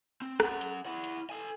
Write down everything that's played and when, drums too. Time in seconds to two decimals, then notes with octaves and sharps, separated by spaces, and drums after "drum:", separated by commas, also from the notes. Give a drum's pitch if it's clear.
0.22 C4
0.40 C#4 F#5, drum: rim click
0.61 drum: hi-hat
0.86 E4 F#5
1.04 drum: hi-hat
1.30 A4 G#5